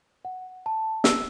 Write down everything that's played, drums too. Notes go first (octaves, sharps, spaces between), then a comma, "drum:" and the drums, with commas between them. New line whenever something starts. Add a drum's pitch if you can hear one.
F#5
A5
E6, drum: snare